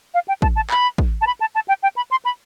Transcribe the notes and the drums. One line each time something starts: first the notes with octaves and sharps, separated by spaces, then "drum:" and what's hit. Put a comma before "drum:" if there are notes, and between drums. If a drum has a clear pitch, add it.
F5
G5
A5, drum: kick
A5
B5, drum: clap
drum: kick
A5
B5
A5
A5
G5
G5
B5
C6
B5